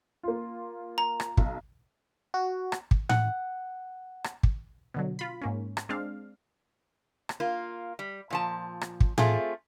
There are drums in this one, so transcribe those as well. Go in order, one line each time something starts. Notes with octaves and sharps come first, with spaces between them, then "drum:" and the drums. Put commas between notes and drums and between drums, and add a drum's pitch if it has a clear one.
A#3 F4
A#5
drum: rim click
B1, drum: kick
F#4
drum: rim click
drum: kick
F#5, drum: tom A2
drum: rim click
drum: kick
B2 D3 F#3
F4 B5
G#2 A#3 C#4
drum: rim click
G#3 C4 D4 F5
drum: rim click
A#3 F4
G3
A#2 F3 A5
drum: rim click
drum: kick
A3 C4 F4 G#4, drum: tom A2